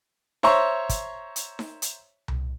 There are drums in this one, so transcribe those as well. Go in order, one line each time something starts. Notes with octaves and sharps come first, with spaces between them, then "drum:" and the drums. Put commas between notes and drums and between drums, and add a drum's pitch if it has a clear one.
C5 C#5 E5 A#5 C#6, drum: snare D#4
drum: kick, hi-hat
drum: hi-hat
drum: snare D#4
drum: hi-hat
drum: tom C2